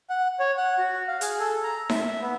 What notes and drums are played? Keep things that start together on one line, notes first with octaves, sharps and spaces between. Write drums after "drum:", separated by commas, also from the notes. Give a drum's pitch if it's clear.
F#5
C#5
F#5
F#4
F5
G#4, drum: hi-hat
A4
A#5
E5, drum: snare D#4
B3